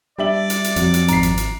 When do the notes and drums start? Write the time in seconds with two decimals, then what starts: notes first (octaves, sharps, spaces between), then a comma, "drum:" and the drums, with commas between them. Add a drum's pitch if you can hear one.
0.19 G3 D4 D5 E5 F#7
0.50 drum: hi-hat
0.64 drum: hi-hat
0.76 F2 F#3, drum: hi-hat
0.94 drum: hi-hat
1.08 G#1 A#5 C7, drum: hi-hat
1.23 drum: hi-hat
1.38 drum: hi-hat